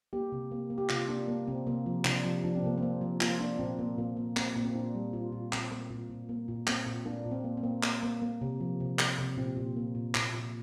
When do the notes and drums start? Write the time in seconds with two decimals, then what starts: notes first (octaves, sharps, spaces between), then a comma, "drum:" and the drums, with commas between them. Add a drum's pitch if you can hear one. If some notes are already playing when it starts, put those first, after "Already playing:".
0.13 A#3 G4
0.32 C3
0.51 A#3
0.70 A#3
0.78 G4
0.89 C3 F4, drum: clap
1.08 A#3 D4
1.28 A#3
1.48 C3 C4
1.67 C3 A#3
1.86 F3
2.05 C3 D4, drum: clap
2.25 F3
2.43 F3 D4
2.56 C4
2.63 C3 A#3
2.78 C4
2.83 A#3
3.01 F3
3.21 A#3 F4, drum: clap
3.40 A#3 D4
3.59 A#2 C4
3.79 A#3
3.98 A#2 A#3
4.17 A#3
4.37 A#3 C4, drum: clap
4.55 A#2 A#3
4.65 C4
4.75 A#2 D4
4.94 G3
5.13 A#2 F4
5.32 A#2
5.52 A#2 C4, drum: clap
5.71 A#3
5.90 A#2
6.10 A#2
6.29 A#3
6.48 A#2
6.67 A#3 C4, drum: clap
6.87 A#2
7.06 A#3 D4
7.25 A#2
7.31 C4
7.44 A#3
7.57 C4
7.63 A#3
7.83 A#3, drum: clap
8.02 A#3
8.22 A#3
8.41 C3
8.60 F3
8.80 C3
8.99 C3, drum: clap
9.19 C3
9.37 A#2 C4
9.57 A#2
9.76 A#3
9.95 A#2
10.15 A#2, drum: clap
10.33 A#2